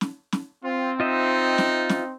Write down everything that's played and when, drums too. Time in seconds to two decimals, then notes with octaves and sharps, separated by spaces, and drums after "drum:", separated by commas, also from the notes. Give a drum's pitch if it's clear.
0.01 drum: snare
0.32 drum: snare
0.64 C4 F4
1.00 D#4 F4 D#5 E5
1.58 drum: snare
1.89 drum: snare